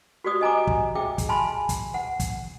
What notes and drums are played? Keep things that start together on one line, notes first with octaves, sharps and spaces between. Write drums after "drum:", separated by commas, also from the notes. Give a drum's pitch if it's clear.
F#4 G4 D5 D#6
D#5 G#5 A#5 D6
drum: kick
G#4 E5 G5 D6
drum: kick, hi-hat
G#5 A5 B5 C6
drum: kick, hi-hat
F#5
drum: kick, hi-hat